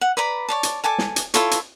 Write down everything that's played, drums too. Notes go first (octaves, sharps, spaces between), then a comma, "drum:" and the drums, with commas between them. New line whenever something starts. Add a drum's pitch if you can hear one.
F#5
B4 D5 A#5 B5
C#5 D5 A5
drum: hi-hat
A4 G#5 A5 D6
drum: snare
drum: hi-hat
E4 F4 A4 C#5, drum: hi-hat
drum: hi-hat